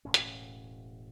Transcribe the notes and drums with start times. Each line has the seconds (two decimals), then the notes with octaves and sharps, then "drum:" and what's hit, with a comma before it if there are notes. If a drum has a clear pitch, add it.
0.05 E1 A2 C#4
0.14 drum: hi-hat